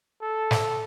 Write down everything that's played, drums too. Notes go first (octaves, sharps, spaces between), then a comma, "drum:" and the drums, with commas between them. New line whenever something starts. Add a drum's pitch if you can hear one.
A4
drum: snare